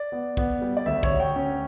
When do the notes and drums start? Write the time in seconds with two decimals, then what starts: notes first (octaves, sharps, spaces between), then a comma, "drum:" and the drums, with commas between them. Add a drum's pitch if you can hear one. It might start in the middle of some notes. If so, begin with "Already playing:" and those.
Already playing: D5
0.12 B3
0.37 B3, drum: kick
0.62 G3
0.77 D5
0.86 D2 E5
1.03 C#5, drum: kick
1.11 D2
1.20 G5
1.36 C#4